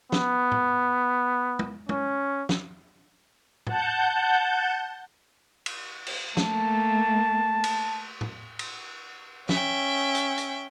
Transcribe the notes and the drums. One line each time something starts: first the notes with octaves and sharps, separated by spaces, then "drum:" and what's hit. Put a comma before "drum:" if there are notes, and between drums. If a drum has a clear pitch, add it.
B3, drum: snare
drum: tom
drum: tom
C#4, drum: tom
drum: snare
F#5 A5 G6, drum: tom
drum: cymbal
drum: cymbal
A3 A#3 A5, drum: snare
drum: cymbal
drum: tom
drum: cymbal
C#4 E5 G5, drum: snare
drum: hi-hat
drum: hi-hat